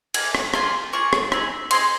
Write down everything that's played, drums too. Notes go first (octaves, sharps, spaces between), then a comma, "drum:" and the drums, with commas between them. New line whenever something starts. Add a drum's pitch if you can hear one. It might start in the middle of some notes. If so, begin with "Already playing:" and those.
A#3 F4 G#4, drum: cymbal
drum: rim click
A#3 F4 G#4 C6, drum: rim click
A#3 F4 G#4 C#6
drum: rim click
C4 D#4 G#4, drum: rim click
C4 D#4 G#4 C6, drum: cymbal